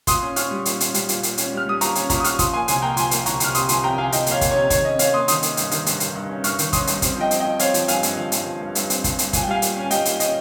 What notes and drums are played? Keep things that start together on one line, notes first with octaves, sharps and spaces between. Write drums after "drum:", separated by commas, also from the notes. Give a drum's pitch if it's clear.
A#2 C6 D#6, drum: kick, hi-hat
C#4
C#4 C#6 F6, drum: hi-hat
G3
A#2, drum: hi-hat
C#4, drum: hi-hat
G3, drum: hi-hat
A#2, drum: hi-hat
A#2, drum: hi-hat
C#4, drum: hi-hat
G3
F6
G3 D#6
A#2 A#5 C#6, drum: hi-hat
C#4, drum: hi-hat
A#2 A#5 C#6, drum: kick, hi-hat
D#6
A#2 C#6 F6, drum: hi-hat
F3 C6 D#6, drum: kick, hi-hat
A#3 G#5 C6
C2 G#5 C6, drum: hi-hat
A#3 G5 A#5
F3 G#5 C6, drum: hi-hat
A#3, drum: hi-hat
C2 A#5 C#6, drum: hi-hat
C2 F6, drum: hi-hat
C3 C6 D#6, drum: hi-hat
F3 G#5 C6, drum: hi-hat
C3 G5 A#5
C3 F5 G#5
F3 D#5 G5, drum: hi-hat
A#3, drum: hi-hat
C#5 F5
A#3, drum: kick, hi-hat
C3 C#5
D#3 C#5, drum: kick, hi-hat
C#4 D#5
C#4 C#5 F5, drum: hi-hat
A#3 C6 D#6
D#3 C6 D#6, drum: hi-hat
A#3, drum: hi-hat
G2, drum: hi-hat
D#3, drum: hi-hat
G2, drum: hi-hat
G2, drum: hi-hat
G2
C#4
G2 C#6 F6, drum: hi-hat
D#3, drum: hi-hat
C#4 C6 D#6, drum: kick, hi-hat
G2, drum: hi-hat
C4, drum: kick, hi-hat
F3 D#5 G5
C4, drum: hi-hat
F3 D#5 G5
C4 C#5 F5, drum: hi-hat
F3, drum: hi-hat
G2 F5 G#5, drum: hi-hat
G2, drum: hi-hat
F3
G2, drum: hi-hat
F3
G2
G2, drum: hi-hat
C4, drum: hi-hat
G2, drum: kick, hi-hat
G2, drum: hi-hat
A#2 G#5, drum: kick, hi-hat
G5
G3 F5 G#5
A#2, drum: hi-hat
C#4 G#5
G3 D#5 G5, drum: hi-hat
A#2, drum: hi-hat
C#4 D#5, drum: hi-hat